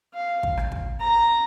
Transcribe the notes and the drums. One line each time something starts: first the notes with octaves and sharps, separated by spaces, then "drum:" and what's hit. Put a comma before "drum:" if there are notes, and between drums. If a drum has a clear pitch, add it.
F5
drum: kick
drum: rim click
drum: kick
A#5